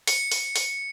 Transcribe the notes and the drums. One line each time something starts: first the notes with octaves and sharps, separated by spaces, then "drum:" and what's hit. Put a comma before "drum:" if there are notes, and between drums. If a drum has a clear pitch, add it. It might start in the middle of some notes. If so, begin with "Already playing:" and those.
C#7, drum: open hi-hat
drum: open hi-hat
drum: open hi-hat